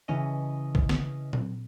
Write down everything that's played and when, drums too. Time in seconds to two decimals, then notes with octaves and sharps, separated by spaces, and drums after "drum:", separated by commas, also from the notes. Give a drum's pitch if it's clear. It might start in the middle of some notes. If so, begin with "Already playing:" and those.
0.08 C#3 E3 C#4 D#5
0.75 drum: kick
0.89 drum: snare
1.33 drum: tom A#2